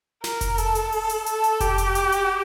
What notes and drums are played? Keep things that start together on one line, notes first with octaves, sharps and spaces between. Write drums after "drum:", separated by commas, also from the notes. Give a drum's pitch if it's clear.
A#4, drum: snare
drum: kick F1, hi-hat
A4, drum: hi-hat
drum: hi-hat
drum: open hi-hat
drum: hi-hat
A4, drum: hi-hat
drum: hi-hat
G4, drum: kick F1, hi-hat
drum: hi-hat
drum: hi-hat
drum: hi-hat